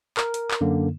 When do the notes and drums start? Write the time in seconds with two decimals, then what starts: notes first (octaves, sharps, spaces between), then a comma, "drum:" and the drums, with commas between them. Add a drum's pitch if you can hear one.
0.17 A#4, drum: clap
0.34 drum: hi-hat
0.51 drum: clap
0.61 F#2 D3 A#3